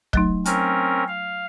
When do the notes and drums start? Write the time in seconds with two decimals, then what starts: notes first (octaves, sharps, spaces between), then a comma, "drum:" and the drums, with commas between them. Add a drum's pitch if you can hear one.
0.13 F#3 A3 D#4, drum: kick
0.45 C4 C#4 A#4, drum: hi-hat
1.08 F5